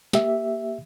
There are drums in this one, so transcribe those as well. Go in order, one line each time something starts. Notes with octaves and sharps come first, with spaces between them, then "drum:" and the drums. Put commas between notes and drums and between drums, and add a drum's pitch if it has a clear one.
A#3 G4 E5, drum: snare